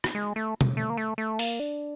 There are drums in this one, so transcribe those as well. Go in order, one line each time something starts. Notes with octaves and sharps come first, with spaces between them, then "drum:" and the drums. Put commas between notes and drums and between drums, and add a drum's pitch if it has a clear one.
drum: rim click
G#3
A3
drum: tom B2
A3
A#3
A3
A3
A#3, drum: open hi-hat
D4